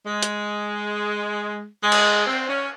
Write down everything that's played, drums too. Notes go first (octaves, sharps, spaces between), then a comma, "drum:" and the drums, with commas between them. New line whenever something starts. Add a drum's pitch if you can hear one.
G#3
drum: hi-hat
G#3
drum: cymbal
C4
C#4